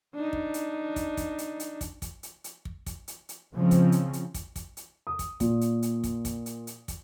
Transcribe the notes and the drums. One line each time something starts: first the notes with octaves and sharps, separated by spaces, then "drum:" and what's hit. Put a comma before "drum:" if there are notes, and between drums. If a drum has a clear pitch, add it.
D4 D#4
drum: kick
drum: hi-hat
drum: kick, hi-hat
drum: kick, hi-hat
drum: hi-hat
drum: hi-hat
drum: kick, hi-hat
drum: kick, hi-hat
drum: hi-hat
drum: hi-hat
drum: kick
drum: kick, hi-hat
drum: hi-hat
drum: hi-hat
C#3 F3 G#3 C4 C#4
drum: kick, hi-hat
drum: hi-hat
drum: hi-hat
drum: kick, hi-hat
drum: kick, hi-hat
drum: hi-hat
D#6
drum: kick, hi-hat
A#2, drum: kick, hi-hat
drum: hi-hat
drum: hi-hat
drum: kick, hi-hat
drum: kick, hi-hat
drum: hi-hat
drum: hi-hat
drum: kick, hi-hat